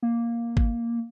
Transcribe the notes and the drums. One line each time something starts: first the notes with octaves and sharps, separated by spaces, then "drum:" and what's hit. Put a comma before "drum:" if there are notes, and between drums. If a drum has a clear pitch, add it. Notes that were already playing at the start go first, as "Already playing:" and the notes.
A#3
drum: kick